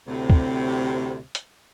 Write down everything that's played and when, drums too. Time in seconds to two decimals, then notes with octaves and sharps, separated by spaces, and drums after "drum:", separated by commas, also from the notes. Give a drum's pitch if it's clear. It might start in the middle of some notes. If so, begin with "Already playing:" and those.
0.08 D2 A2 C3
0.30 drum: kick D2
1.35 drum: hi-hat